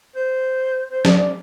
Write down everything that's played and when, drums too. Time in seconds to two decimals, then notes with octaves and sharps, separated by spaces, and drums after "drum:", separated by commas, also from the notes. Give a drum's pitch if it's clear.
0.15 C5
0.91 C5
1.05 D5, drum: snare
1.17 D5